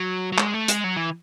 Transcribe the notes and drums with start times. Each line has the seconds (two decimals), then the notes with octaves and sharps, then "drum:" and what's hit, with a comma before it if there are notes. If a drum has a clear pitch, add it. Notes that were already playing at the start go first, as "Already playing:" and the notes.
Already playing: F#3
0.32 F#3
0.38 G#3, drum: clap
0.54 A3
0.68 G#3, drum: hi-hat
0.84 F#3
0.96 E3